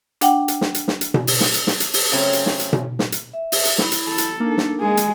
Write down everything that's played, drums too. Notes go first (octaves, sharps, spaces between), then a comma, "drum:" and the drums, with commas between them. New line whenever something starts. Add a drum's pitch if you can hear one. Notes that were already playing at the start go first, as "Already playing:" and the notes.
D4 F#5 G5, drum: hi-hat
drum: hi-hat
drum: snare
drum: hi-hat
drum: snare
drum: hi-hat
drum: tom B2
drum: open hi-hat
drum: snare
drum: hi-hat
drum: snare
drum: hi-hat
drum: open hi-hat
C#3 F#3 A3 C4 C#4
drum: hi-hat
drum: snare
drum: hi-hat
drum: tom B2
drum: snare
drum: hi-hat
E5
drum: open hi-hat
drum: hi-hat
E4 B5, drum: snare
drum: hi-hat
A4
drum: hi-hat
A#3 D4 D#4
drum: snare
G#3 G#4
drum: hi-hat